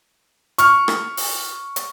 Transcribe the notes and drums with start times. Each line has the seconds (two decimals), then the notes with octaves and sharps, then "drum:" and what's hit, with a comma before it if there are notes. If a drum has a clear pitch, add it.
0.58 C#6 F6, drum: hi-hat
0.88 drum: rim click
1.17 drum: open hi-hat
1.76 drum: hi-hat